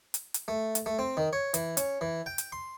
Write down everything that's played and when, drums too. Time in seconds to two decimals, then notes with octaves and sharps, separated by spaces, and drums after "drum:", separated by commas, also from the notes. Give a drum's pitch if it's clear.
0.14 drum: hi-hat
0.34 drum: hi-hat
0.48 A3
0.75 drum: hi-hat
0.86 A3
0.99 C4
1.17 D#3
1.33 C#5
1.54 E3, drum: hi-hat
1.77 C#4, drum: hi-hat
2.01 E3
2.26 G5
2.38 drum: hi-hat
2.52 C6